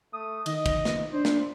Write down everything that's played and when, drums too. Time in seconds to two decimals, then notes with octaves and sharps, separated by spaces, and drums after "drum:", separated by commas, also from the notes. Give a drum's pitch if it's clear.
0.13 A3 D#6
0.46 D#3 D#5, drum: cymbal
0.66 drum: kick, cymbal
0.85 drum: snare
1.13 D4 C5
1.25 drum: snare